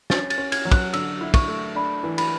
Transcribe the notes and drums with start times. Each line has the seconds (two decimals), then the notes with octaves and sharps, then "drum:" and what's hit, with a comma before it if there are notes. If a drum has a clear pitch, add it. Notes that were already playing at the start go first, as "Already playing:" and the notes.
0.10 C#4 A6, drum: snare
0.30 A6, drum: cymbal
0.38 C#4
0.52 G#6, drum: cymbal
0.65 F#3
0.72 F#6, drum: kick, cymbal
0.93 D3 E6, drum: cymbal
1.21 E4
1.34 C#6, drum: kick, cymbal
1.48 A3
1.75 D4 B5
2.03 E3
2.18 B5, drum: cymbal